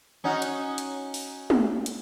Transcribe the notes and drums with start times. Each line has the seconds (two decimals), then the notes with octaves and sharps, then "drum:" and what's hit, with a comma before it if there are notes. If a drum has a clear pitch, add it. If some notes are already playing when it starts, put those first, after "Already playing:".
0.24 C#4 D#4 F#4
0.42 drum: hi-hat
0.78 drum: hi-hat
1.14 drum: open hi-hat
1.50 drum: tom
1.86 drum: hi-hat